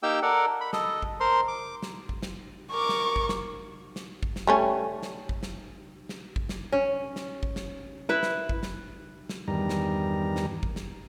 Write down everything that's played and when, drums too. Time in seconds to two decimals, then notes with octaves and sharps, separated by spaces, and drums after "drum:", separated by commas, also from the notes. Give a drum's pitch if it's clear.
0.03 A#3 D#4 G4 A#4 G5 E6
0.22 A4 A#4 D5 F#5
0.61 B5
0.73 A4 D#5, drum: snare
1.02 drum: kick
1.20 A#4 C5 C6
1.48 D6
1.82 drum: snare
2.09 drum: kick
2.23 drum: snare
2.71 A#4 C#6 D6
2.89 drum: snare
3.16 drum: kick
3.29 drum: snare
3.96 drum: snare
4.23 drum: kick
4.36 drum: snare
4.47 G3 A3 C#4
5.03 drum: snare
5.29 drum: kick
5.43 drum: snare
6.09 drum: snare
6.36 drum: kick
6.49 drum: snare
6.72 C#4
7.16 drum: snare
7.43 drum: kick
7.56 drum: snare
8.09 E4 B4
8.23 drum: snare
8.49 drum: kick
8.63 drum: snare
9.29 drum: snare
9.48 E2 G2 D#3 G3 A#5
9.69 drum: snare
10.36 drum: snare
10.63 drum: kick
10.76 drum: snare